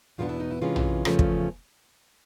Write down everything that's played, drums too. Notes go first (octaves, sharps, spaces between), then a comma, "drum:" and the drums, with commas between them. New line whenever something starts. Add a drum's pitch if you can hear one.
E2 B2 G#3 B3 D4 F4
E4
D#4
E4
C3 E3 G#3 C#4 F4
drum: tom
E2 C#3 F3 A3 C#4, drum: rim click
drum: kick